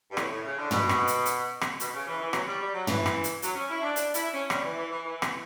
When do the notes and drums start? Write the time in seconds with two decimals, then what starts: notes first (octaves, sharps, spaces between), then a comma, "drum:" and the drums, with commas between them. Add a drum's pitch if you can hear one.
0.11 G2
0.17 A2, drum: rim click
0.30 A2
0.44 C#3
0.58 D3
0.71 B2, drum: tom
0.89 drum: rim click
1.07 drum: hi-hat
1.25 drum: hi-hat
1.61 drum: rim click
1.80 B2, drum: hi-hat
1.93 C#3
2.07 E3
2.20 E3
2.33 F#3, drum: rim click
2.48 G3
2.60 G3
2.74 F#3
2.87 E3, drum: tom
3.06 drum: rim click
3.24 drum: hi-hat
3.42 F#3, drum: hi-hat
3.55 C#4
3.69 E4
3.82 D4
3.96 D4, drum: hi-hat
4.14 E4, drum: hi-hat
4.32 C#4
4.50 G3, drum: rim click
4.63 E3
4.77 E3
4.90 E3
5.04 E3
5.22 drum: rim click